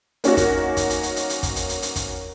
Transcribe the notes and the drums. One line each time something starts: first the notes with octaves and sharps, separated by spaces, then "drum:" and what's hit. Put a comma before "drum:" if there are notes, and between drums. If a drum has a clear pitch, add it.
A#3 C#4 D#4 F#4, drum: hi-hat
drum: kick, hi-hat
drum: kick, hi-hat
drum: hi-hat
drum: hi-hat
drum: hi-hat
drum: hi-hat
drum: kick, hi-hat
drum: hi-hat
drum: hi-hat
drum: hi-hat
drum: kick, hi-hat